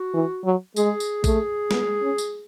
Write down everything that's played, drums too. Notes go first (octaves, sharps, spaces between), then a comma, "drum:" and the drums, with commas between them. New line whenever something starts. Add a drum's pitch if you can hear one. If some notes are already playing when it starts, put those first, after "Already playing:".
Already playing: F#4
E3
F#3
G#3 G#4, drum: tambourine
drum: tambourine
A3, drum: kick, tambourine
B3, drum: snare
C#4
drum: tambourine